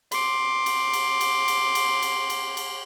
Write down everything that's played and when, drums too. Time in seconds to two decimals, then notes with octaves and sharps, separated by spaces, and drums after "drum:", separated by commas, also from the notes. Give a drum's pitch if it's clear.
0.12 C6 D6, drum: cymbal
0.66 drum: cymbal
0.93 drum: cymbal
1.21 drum: cymbal
1.48 drum: cymbal
1.75 drum: cymbal
2.02 drum: cymbal
2.30 drum: cymbal
2.57 drum: cymbal